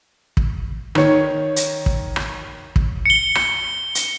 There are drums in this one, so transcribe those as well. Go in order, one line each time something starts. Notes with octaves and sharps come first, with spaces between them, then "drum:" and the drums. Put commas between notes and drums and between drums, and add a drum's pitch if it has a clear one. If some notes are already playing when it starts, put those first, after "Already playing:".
drum: kick
D#3 C#5, drum: rim click
drum: hi-hat
drum: kick
drum: rim click
drum: kick
C#7 G7
drum: rim click
drum: hi-hat